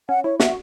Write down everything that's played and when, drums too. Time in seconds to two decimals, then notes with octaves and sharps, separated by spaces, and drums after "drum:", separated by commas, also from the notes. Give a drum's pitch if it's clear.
0.09 C#4 F#5
0.24 E4 C#5
0.40 F#4 E5, drum: snare